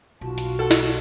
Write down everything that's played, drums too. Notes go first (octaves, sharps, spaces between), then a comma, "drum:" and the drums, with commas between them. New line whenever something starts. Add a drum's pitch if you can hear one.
B1 F4 F#4 A5
drum: hi-hat
A4 F#5
drum: snare